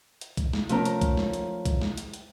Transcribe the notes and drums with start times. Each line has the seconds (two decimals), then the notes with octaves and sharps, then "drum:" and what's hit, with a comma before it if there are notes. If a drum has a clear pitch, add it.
0.21 drum: hi-hat
0.37 drum: kick B1, hi-hat
0.53 drum: snare
0.69 F3 A3 C#4 A#4 A#5, drum: hi-hat
0.85 drum: hi-hat
1.01 drum: kick B1, hi-hat
1.17 drum: snare
1.33 drum: hi-hat
1.65 drum: kick B1, hi-hat
1.82 drum: snare
1.98 drum: hi-hat
2.14 drum: hi-hat